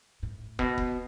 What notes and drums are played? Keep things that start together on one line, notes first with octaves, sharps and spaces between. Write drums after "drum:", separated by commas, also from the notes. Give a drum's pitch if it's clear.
A2
B2, drum: kick
drum: kick